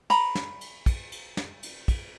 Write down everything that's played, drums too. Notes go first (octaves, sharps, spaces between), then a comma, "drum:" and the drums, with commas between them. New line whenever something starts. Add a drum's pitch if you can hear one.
A#5 B5, drum: cymbal
drum: snare
drum: cymbal
drum: kick, cymbal
drum: cymbal
drum: snare
drum: cymbal
drum: kick, cymbal